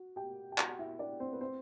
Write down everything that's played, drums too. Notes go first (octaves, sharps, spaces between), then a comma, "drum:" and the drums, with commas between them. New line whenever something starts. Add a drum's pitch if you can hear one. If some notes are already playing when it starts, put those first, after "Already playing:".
Already playing: F#4
G4 G5
G5
F#4 F#5, drum: clap
E4 E5
D4 D5
C4 C5
B4
C4 C5